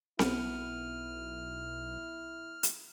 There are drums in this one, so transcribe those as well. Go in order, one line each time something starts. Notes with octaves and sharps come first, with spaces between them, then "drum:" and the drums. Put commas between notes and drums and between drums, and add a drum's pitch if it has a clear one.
B1 B3 E4 F6, drum: snare C4
drum: hi-hat